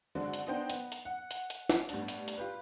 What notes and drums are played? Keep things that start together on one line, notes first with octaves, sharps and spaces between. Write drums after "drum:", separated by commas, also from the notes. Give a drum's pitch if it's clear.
D3 D#3 G#3 C4 D4 F#4
drum: hi-hat
B3 D4 D#4 C5 G5
B3, drum: hi-hat
drum: hi-hat
F#5
drum: hi-hat
drum: hi-hat
drum: snare
A2 G3 B3 D4, drum: hi-hat
drum: hi-hat
drum: hi-hat
F4 G4 B4